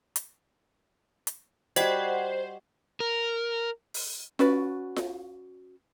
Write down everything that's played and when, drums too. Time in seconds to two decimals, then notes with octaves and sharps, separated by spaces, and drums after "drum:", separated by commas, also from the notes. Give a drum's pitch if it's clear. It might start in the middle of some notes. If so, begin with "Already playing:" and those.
0.16 drum: hi-hat
1.27 drum: hi-hat
1.76 G3 F#4 C5 D#5 F#5, drum: hi-hat
3.00 A#4
3.94 drum: open hi-hat
4.39 C#4 F#4 B4 D5, drum: snare F4
4.96 drum: snare F4